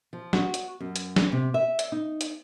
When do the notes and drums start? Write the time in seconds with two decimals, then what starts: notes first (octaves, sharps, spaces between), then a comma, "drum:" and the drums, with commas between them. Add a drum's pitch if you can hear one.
0.13 F3
0.33 F#4, drum: snare
0.54 drum: hi-hat
0.80 F#2
0.96 drum: hi-hat
1.16 drum: snare
1.32 C3
1.54 E5
1.79 drum: hi-hat
1.92 D#4
2.21 drum: hi-hat